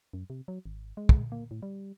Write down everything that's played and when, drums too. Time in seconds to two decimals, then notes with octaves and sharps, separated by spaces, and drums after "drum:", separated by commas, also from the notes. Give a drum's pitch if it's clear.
0.13 F#2
0.30 C3
0.48 F#3
0.66 G#1
0.97 G#3
1.09 drum: kick
1.32 A#3
1.51 A2
1.63 G3